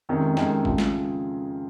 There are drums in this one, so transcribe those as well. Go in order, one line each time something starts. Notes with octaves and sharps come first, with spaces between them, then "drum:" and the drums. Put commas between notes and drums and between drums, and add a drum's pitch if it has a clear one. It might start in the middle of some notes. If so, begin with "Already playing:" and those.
F2 C3 D#3 G#3 C#4
F2 C3 D#3 G#3 C#4, drum: snare
C#3 F3 G#3, drum: kick A1
drum: snare